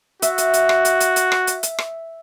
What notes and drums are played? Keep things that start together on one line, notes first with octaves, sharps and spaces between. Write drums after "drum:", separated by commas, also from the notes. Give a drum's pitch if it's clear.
F#4 E5, drum: hi-hat
drum: hi-hat
drum: hi-hat
drum: rim click
drum: hi-hat
drum: hi-hat
drum: hi-hat
drum: rim click
drum: hi-hat
drum: hi-hat
drum: rim click